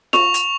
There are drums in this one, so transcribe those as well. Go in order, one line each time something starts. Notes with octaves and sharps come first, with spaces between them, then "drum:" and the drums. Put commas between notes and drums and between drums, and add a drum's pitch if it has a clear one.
C#6 F7, drum: snare F4
drum: hi-hat